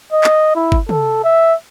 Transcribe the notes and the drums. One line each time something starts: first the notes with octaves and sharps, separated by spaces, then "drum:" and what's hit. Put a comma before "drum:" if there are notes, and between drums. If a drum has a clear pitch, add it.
D#5
drum: clap
E4
drum: kick G1
A4, drum: tom
E5